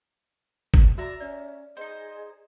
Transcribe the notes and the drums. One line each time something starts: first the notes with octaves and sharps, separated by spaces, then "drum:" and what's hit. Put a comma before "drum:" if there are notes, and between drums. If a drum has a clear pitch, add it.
drum: kick G1
F#4 D5 E5 A#5
C#4 D5
D#4 G#4 C5 D#5